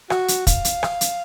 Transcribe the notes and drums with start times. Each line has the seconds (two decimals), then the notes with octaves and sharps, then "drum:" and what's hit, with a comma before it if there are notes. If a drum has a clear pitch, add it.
0.10 F#4, drum: rim click
0.28 drum: hi-hat
0.47 F5, drum: kick, hi-hat
0.65 drum: hi-hat
0.83 drum: rim click
1.01 drum: hi-hat